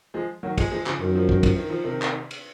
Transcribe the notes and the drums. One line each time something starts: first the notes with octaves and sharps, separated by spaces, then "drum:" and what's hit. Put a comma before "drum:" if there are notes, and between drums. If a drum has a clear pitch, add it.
F3 G#3
D#3 F#3
F3 G#3, drum: kick, cymbal
F3 G#3
C#3 F3, drum: clap
F#2 D#3
F3
D#3, drum: kick
F3, drum: kick, cymbal
D#3
F3
C3 D#3
drum: clap
drum: cymbal